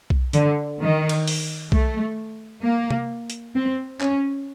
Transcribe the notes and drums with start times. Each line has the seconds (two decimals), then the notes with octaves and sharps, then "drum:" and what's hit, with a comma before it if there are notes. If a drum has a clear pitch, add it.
0.10 drum: kick B1
0.33 D3, drum: hi-hat
0.80 D#3
1.09 drum: cymbal
1.28 drum: open hi-hat
1.72 A3, drum: kick B1
2.62 A#3
2.90 drum: tom C3
3.30 drum: hi-hat
3.55 C4
4.01 C#4, drum: clap